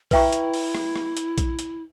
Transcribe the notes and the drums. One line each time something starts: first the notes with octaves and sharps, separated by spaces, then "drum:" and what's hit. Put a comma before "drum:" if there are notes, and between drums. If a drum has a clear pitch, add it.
E4 B4 E5 G5 A#5 C#6, drum: kick A#1, open hi-hat
drum: hi-hat
drum: open hi-hat
drum: rim click
drum: rim click
drum: hi-hat
drum: kick A#1, hi-hat
drum: hi-hat